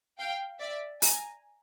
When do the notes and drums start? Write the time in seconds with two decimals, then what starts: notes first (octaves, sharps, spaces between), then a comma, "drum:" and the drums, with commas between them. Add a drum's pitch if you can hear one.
0.18 F5 G5
0.60 D5 E5
1.02 G#5 A#5, drum: open hi-hat